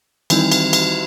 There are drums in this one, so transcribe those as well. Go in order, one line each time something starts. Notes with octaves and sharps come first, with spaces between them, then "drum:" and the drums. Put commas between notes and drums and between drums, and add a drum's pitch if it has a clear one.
D#3 E3 G3 C4 D#4 E4, drum: cymbal
drum: cymbal
drum: cymbal